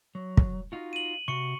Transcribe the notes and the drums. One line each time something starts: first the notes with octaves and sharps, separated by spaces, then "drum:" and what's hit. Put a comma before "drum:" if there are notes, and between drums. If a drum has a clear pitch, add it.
F#3
drum: kick
D#4 F4 F#4
D#7 F#7
C3 F#4 C#6 C#7